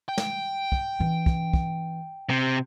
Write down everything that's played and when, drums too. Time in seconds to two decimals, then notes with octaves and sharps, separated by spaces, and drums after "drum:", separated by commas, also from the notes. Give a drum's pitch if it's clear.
0.08 G5
0.18 drum: snare
0.72 drum: kick
0.99 E3 C#4
1.26 drum: kick
1.53 drum: kick
2.30 C3